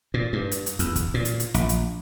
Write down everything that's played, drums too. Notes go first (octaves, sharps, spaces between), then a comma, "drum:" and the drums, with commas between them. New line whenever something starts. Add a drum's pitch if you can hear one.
A#2
G2
drum: hi-hat
drum: hi-hat
E2, drum: hi-hat
drum: kick, hi-hat
A#2
drum: hi-hat
drum: hi-hat
A#1, drum: hi-hat
drum: hi-hat